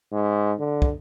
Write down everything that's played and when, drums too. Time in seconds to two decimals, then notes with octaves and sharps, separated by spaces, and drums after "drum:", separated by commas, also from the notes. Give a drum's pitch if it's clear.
0.12 G#2
0.59 D3
0.82 drum: kick